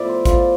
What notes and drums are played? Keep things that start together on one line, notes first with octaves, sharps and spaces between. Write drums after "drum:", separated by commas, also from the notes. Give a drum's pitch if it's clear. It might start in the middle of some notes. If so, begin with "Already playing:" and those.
Already playing: A2 F3 B3 D5 E5
C5
F4, drum: kick, hi-hat